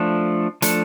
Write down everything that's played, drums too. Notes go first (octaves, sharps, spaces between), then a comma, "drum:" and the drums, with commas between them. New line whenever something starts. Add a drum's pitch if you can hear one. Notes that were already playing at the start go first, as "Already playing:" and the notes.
Already playing: F3 A3 D4 A4
F3 A3 D4 A4, drum: hi-hat